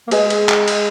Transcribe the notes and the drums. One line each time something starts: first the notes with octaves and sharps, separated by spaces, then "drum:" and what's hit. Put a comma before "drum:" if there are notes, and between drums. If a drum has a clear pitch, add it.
A#3
G#3 G#4 B4 D#5 G#5, drum: cymbal
drum: cymbal
drum: clap
drum: cymbal